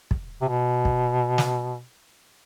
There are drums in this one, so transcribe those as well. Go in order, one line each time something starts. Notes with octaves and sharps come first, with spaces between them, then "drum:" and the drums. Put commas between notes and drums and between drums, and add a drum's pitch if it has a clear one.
drum: kick
C3
B2
drum: kick
drum: snare